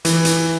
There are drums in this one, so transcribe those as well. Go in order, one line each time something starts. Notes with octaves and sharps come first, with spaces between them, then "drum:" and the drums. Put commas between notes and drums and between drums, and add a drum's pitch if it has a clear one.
E3, drum: hi-hat
drum: hi-hat